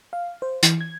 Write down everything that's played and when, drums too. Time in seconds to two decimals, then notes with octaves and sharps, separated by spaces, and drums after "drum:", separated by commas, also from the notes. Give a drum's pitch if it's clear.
0.13 F5
0.42 C5
0.63 E3, drum: hi-hat
0.81 G#6